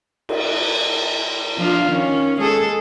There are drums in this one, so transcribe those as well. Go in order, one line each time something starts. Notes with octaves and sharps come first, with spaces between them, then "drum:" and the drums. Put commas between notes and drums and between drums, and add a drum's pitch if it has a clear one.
drum: cymbal
F3 D4 F4
D#3 C#4
G#3 G#4 A4